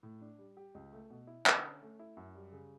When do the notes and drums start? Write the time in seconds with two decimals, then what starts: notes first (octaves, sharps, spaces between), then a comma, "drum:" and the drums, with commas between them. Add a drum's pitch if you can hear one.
0.03 A2
0.21 D4
0.38 G3
0.57 G4
0.75 C#2
0.93 A3
1.10 B2
1.27 E4
1.46 D3, drum: clap
1.64 C#4
1.82 A3
1.99 E4
2.17 F#2
2.35 G3
2.52 C#3